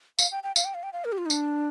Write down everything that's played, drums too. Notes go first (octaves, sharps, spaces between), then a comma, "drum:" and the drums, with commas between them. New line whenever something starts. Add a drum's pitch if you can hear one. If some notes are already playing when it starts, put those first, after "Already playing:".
F5, drum: tambourine
G5
G5
F5, drum: tambourine
G5
F5
G5
F5
A#4
G4
F4
D#4
D4, drum: tambourine